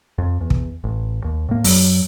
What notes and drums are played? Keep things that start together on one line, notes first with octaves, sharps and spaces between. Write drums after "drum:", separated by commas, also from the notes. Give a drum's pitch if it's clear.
F2
E2
drum: kick
A1
D#2
A2 A#3
F#2 F#3, drum: open hi-hat